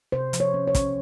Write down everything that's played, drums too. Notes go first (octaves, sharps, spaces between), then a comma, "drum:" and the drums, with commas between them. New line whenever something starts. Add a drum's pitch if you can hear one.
C3 C5
F3, drum: hi-hat
C#5
C#4
C#5
C#4, drum: kick, hi-hat